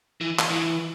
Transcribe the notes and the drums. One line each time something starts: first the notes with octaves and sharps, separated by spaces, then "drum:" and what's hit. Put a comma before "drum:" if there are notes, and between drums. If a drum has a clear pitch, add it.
E3
drum: clap
E3